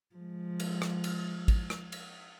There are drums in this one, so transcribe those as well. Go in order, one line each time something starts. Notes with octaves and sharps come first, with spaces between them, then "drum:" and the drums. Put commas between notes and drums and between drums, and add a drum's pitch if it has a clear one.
F3 G#3
drum: cymbal
drum: rim click
drum: cymbal
drum: kick, cymbal
drum: rim click
drum: cymbal